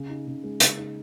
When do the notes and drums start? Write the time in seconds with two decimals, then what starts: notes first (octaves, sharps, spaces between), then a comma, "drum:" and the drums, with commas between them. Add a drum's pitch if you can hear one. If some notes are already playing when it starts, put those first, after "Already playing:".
Already playing: C#3
0.10 D#4
0.27 C#3
0.44 G#3
0.60 C#3, drum: hi-hat
0.78 D#4